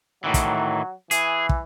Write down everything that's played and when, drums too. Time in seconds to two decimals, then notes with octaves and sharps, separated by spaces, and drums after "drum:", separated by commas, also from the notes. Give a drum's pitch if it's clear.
0.24 A2 D#3 E3 F#3
0.34 drum: kick, hi-hat
1.11 E3 G#4, drum: hi-hat
1.49 drum: kick